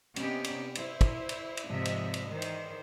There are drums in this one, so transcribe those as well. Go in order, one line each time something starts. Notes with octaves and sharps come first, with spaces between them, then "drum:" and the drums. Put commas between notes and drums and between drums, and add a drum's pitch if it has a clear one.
C3 B3 C#4 D#4 G4, drum: cymbal
drum: cymbal
E4 C5, drum: cymbal
drum: kick, cymbal
drum: cymbal
drum: cymbal
G#2 C3 F3 D#5 E5
drum: cymbal
drum: cymbal
D#3 E3 C5
drum: cymbal